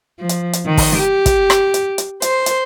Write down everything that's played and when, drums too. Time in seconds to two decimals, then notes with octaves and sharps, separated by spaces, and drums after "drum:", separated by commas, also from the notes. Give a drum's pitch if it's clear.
0.18 F3
0.29 drum: hi-hat
0.53 drum: hi-hat
0.63 D#3
0.77 drum: kick, open hi-hat
0.95 G4
1.26 drum: kick, hi-hat
1.50 drum: rim click
1.74 drum: hi-hat
1.98 drum: hi-hat
2.22 C5, drum: hi-hat
2.46 drum: hi-hat